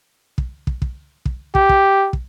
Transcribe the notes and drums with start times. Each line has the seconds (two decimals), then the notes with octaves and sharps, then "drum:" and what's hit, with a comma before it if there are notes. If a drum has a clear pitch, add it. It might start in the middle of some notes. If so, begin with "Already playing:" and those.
0.38 drum: kick
0.67 drum: kick
0.82 drum: kick
1.25 drum: kick
1.55 G4, drum: kick
1.69 drum: kick
2.13 drum: kick